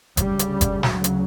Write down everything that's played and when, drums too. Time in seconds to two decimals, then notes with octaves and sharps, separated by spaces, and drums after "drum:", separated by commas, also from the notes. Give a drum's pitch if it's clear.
0.17 D2 C#3 G3, drum: kick F#1, hi-hat
0.39 drum: hi-hat
0.61 drum: kick F#1, hi-hat
0.83 F#3, drum: snare
1.04 drum: hi-hat